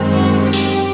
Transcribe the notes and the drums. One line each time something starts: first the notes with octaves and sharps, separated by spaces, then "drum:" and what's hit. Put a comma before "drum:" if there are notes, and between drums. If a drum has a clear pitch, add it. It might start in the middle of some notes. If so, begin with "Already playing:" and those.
Already playing: F#2 D#3 G#3 C4
F#4
G4
drum: open hi-hat